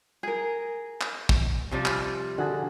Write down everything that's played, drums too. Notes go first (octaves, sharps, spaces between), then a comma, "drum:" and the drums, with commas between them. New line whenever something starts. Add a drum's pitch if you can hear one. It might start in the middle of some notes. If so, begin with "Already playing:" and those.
G#4 A#4
drum: clap
drum: kick
C3 F3 G3
drum: clap
D3 F#4 G#4 A5